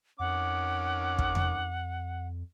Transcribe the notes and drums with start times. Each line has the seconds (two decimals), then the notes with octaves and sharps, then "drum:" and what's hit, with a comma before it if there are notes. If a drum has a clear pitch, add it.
0.19 F2 D#3 C#4 F#5 D6
1.19 drum: kick
1.35 drum: tom E2